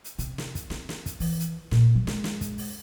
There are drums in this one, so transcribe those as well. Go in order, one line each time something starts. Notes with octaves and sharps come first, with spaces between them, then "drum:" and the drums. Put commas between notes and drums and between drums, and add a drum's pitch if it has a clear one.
drum: hi-hat
C3, drum: hi-hat
drum: snare
drum: kick, hi-hat
C4, drum: snare
drum: snare
drum: kick, hi-hat
E3, drum: open hi-hat
drum: hi-hat
A#2, drum: snare
F#3
G#3, drum: snare
drum: snare
drum: kick, hi-hat
drum: open hi-hat